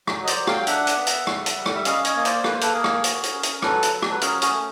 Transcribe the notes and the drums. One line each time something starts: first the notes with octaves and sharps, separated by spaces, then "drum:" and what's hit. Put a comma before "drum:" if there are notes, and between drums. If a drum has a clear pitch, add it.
F#3, drum: rim click
D#5
C5 D5, drum: hi-hat
F#3
F5 G5, drum: rim click
G5
D4 E5 F#5, drum: hi-hat
drum: hi-hat
B3
drum: hi-hat
G3, drum: rim click
drum: hi-hat
G3
drum: rim click
E5
C#4 D#5 F5, drum: hi-hat
C#5 D#5, drum: hi-hat
A#3 D#5
C5 D5, drum: hi-hat
A#3 B4, drum: rim click
C5
A4 B4, drum: hi-hat
A#3 G#4 A#4
drum: rim click
F#4, drum: hi-hat
drum: hi-hat
C#4
drum: hi-hat
F#3 A4 B4, drum: rim click
drum: hi-hat
F#3
drum: rim click
B4
C#4 G#4 A#4, drum: hi-hat
F#4 G#4, drum: hi-hat
A3